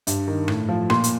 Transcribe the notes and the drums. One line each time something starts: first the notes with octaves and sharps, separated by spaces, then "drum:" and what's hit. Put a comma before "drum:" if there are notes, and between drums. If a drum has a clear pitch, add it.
G2, drum: hi-hat
D#3
A2, drum: rim click
F3
A#2 C6, drum: rim click
drum: hi-hat